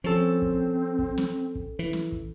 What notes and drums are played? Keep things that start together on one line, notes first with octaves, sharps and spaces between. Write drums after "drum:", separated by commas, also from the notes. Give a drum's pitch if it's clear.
F3 C4 C#4 A4
drum: kick
drum: kick
drum: snare
drum: kick
E3
drum: snare
drum: kick